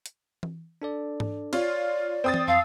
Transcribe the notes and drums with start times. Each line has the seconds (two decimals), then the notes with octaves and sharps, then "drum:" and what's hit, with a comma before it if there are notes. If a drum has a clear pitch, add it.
0.06 drum: hi-hat
0.43 drum: tom E3
0.82 D4 A4 D5
1.20 drum: tom G#2
1.53 F4 C#5 D5, drum: cymbal
2.24 C4 D#6 A6
2.34 drum: tom E3
2.48 F2 F5 A5 C6 E6